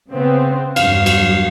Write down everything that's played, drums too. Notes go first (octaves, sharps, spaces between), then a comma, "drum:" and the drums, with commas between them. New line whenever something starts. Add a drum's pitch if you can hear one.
C#3 B3 C4
E2 G2 F#3 F5, drum: cymbal
drum: cymbal